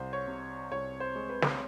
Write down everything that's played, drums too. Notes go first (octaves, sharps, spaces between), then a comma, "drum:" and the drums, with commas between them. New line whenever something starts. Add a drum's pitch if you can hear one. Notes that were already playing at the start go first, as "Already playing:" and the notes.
Already playing: C2 C5
C#5
C3
C2 C#5
C5
G#3
B4
drum: snare